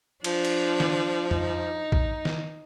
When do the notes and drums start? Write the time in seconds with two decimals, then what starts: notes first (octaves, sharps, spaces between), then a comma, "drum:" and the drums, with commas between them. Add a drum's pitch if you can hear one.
0.24 F3 D4, drum: cymbal
0.45 drum: cymbal
0.80 drum: snare D#3
1.31 D#4, drum: tom F2
1.92 drum: kick
2.25 drum: snare D#3